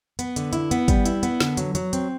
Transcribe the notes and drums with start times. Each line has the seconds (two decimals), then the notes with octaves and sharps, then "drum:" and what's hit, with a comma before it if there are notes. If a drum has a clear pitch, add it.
0.19 B3, drum: hi-hat
0.36 D3, drum: hi-hat
0.53 E4, drum: hi-hat
0.71 B3, drum: hi-hat
0.88 G3, drum: kick, hi-hat
1.06 E4, drum: hi-hat
1.23 B3, drum: hi-hat
1.40 D3, drum: snare
1.57 F#3, drum: hi-hat
1.75 F#3, drum: hi-hat
1.93 C4, drum: hi-hat